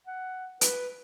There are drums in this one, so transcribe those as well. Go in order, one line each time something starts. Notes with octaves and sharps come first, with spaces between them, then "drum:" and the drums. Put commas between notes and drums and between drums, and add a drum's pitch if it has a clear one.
F#5
B4, drum: hi-hat